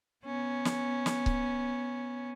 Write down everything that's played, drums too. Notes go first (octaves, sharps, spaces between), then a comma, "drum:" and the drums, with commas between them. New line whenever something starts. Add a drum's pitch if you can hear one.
B3 C#4
drum: snare
drum: snare
drum: kick C#1